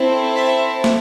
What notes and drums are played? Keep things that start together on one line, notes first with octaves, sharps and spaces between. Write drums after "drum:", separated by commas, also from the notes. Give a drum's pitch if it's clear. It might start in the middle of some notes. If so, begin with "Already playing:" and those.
Already playing: C4 E4 A4
E5
drum: snare